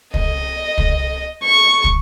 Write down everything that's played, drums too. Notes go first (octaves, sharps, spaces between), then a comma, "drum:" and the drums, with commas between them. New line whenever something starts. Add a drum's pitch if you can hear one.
D#5, drum: kick
drum: kick
C#6
drum: kick